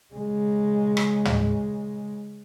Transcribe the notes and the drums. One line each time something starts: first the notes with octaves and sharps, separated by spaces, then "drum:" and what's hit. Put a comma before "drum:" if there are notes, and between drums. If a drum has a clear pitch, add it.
C#3 G#3
drum: rim click
drum: tom